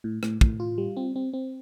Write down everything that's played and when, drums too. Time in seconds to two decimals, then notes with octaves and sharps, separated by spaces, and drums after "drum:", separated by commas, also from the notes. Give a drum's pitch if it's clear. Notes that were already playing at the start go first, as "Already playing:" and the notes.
0.04 A2
0.23 A2, drum: rim click
0.41 A2, drum: kick
0.60 F4
0.78 G3
0.97 C4
1.16 C4
1.33 C4